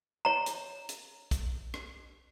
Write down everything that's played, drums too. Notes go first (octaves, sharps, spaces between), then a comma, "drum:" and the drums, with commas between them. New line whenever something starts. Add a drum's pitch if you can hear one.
C#5 A#5
drum: hi-hat
drum: hi-hat
drum: kick, hi-hat
drum: rim click